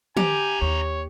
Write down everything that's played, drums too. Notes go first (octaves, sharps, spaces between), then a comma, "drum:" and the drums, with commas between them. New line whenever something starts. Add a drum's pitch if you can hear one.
D4 G4 G#5 A#5, drum: tom
D#2 C#5